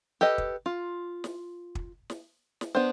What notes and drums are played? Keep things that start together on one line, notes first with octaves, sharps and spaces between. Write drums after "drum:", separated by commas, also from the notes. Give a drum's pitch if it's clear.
G4 A4 B4 D#5
drum: kick
F4
drum: snare
drum: kick
drum: snare
drum: snare
B3 D4 C5